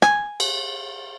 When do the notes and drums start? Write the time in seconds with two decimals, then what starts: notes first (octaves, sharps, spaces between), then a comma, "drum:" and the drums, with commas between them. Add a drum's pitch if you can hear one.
0.02 G#5, drum: rim click
0.40 drum: cymbal